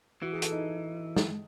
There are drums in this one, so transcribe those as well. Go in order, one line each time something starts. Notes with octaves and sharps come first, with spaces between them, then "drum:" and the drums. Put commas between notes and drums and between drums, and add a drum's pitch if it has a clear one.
E3 F#4
G#4
A4, drum: hi-hat
D#4
drum: snare